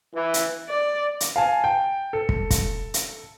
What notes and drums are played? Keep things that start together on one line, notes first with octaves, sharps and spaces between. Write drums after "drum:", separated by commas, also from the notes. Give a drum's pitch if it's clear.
E3
drum: hi-hat
D5
drum: hi-hat
F5 G#5 A5
G5
A4
drum: kick
drum: kick, hi-hat
drum: hi-hat